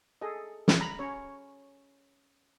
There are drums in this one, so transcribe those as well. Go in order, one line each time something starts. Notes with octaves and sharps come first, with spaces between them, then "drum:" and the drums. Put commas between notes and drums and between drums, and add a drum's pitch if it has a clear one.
G#4 A4 D#5
drum: snare
A#5 B5
C#4 C#5